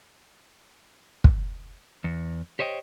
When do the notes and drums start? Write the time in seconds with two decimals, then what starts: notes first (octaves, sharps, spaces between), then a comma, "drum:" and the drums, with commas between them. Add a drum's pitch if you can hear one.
1.24 drum: kick
2.04 E2
2.59 G4 C5 C#5 D#5 G5